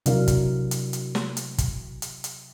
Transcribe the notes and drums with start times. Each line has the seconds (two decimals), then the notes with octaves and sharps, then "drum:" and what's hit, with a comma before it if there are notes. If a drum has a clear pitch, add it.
0.06 C3 F#3 D4 E4 A#4 F5, drum: hi-hat
0.28 drum: kick, hi-hat
0.71 drum: hi-hat
0.93 drum: hi-hat
1.15 drum: snare
1.37 drum: hi-hat
1.58 drum: kick, hi-hat
2.02 drum: hi-hat
2.24 drum: hi-hat